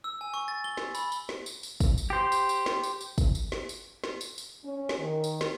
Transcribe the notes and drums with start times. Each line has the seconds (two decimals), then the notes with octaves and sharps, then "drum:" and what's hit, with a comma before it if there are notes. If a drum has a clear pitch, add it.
0.04 E6
0.21 G#5
0.34 C#6
0.48 A6
0.64 G7
0.77 drum: snare
0.95 B5, drum: tambourine
1.12 drum: tambourine
1.29 drum: snare
1.46 drum: tambourine
1.63 drum: tambourine
1.80 drum: kick, tambourine
1.98 drum: tambourine
2.10 G4 C5
2.32 drum: tambourine
2.49 drum: tambourine
2.66 drum: snare
2.83 drum: tambourine
3.01 drum: tambourine
3.18 drum: kick, tambourine
3.35 drum: tambourine
3.52 drum: snare
3.69 drum: tambourine
4.04 drum: snare
4.21 drum: tambourine
4.38 drum: tambourine
4.64 C#4
4.89 drum: snare
4.99 D#3
5.24 drum: tambourine
5.41 drum: snare